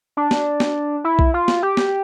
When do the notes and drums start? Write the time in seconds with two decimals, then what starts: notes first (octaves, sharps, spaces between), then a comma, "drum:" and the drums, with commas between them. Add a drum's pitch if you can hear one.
0.17 D4
0.31 drum: snare
0.60 drum: snare
1.04 E4
1.19 drum: kick B1
1.34 F4
1.48 drum: snare
1.63 G4
1.77 drum: snare